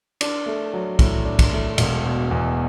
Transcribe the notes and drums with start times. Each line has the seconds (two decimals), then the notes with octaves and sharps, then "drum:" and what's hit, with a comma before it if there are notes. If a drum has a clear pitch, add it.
0.21 D4, drum: cymbal
0.46 A3
0.73 F#3
0.99 A2, drum: kick, cymbal
1.25 D4
1.39 drum: kick, cymbal
1.52 A3
1.78 E1, drum: cymbal
2.05 B2
2.31 E2